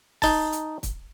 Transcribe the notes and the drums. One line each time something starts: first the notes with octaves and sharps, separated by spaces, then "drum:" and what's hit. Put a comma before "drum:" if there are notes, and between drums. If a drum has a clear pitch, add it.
D#4 A5, drum: kick, open hi-hat
drum: hi-hat
drum: kick, hi-hat